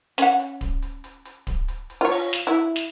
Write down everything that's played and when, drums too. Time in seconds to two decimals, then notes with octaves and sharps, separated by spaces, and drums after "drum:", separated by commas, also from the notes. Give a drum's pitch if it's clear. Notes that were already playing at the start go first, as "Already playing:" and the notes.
0.18 C#4 F#5, drum: snare
0.39 drum: hi-hat
0.61 drum: kick D1, hi-hat
0.82 drum: hi-hat
1.04 drum: hi-hat
1.25 drum: hi-hat
1.47 drum: kick D1, hi-hat
1.68 drum: hi-hat
1.90 drum: hi-hat
2.01 F4 C#5
2.11 drum: open hi-hat
2.33 drum: snare
2.47 E4
2.76 drum: snare